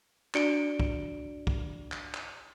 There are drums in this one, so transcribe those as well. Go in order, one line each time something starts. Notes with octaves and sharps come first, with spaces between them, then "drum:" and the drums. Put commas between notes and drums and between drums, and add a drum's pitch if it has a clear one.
D4 F#4 D5 C#7 D7 G7, drum: clap
drum: kick
drum: kick
drum: clap
drum: clap